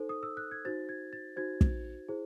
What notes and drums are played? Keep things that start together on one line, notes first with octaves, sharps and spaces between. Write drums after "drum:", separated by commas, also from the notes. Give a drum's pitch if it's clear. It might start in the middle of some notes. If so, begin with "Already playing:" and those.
Already playing: D#4 A4 C5
D#6
E6
F#6
G#6
D#4 F#4 C5 A6
G#6
A6
D#4 F#4 C5 G#6
drum: kick
E4 G#4 C5